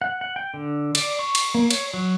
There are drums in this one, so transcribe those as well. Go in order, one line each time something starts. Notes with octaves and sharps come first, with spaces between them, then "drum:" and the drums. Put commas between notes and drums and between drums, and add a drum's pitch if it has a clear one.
F#5
F#5
G5
D3
D5, drum: cymbal
C#6
drum: cymbal
A#3
C#5, drum: cymbal
F#3